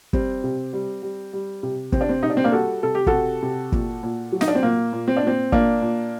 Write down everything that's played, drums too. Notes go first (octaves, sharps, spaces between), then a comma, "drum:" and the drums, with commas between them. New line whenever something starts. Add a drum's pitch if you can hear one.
G3 C4, drum: kick
C3
G3
G3
G3
C3
C3 C4, drum: kick
D4
C4
C3 D#4
D4
C4
A#3 D4
G3 F#4 A4
C3 A4
G4
F#4 A4, drum: kick
C3
C3
A#2, drum: kick
A#2
F#3
D#4, drum: snare
D4
C4
A#2 A#3
A#2
C4
D4
A#2 C4
A#2 A#3 D4, drum: kick
A#2